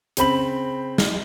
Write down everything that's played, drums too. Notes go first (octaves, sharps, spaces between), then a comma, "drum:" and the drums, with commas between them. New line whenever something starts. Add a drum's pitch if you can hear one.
C#3 C4 B5 F#7, drum: hi-hat
drum: snare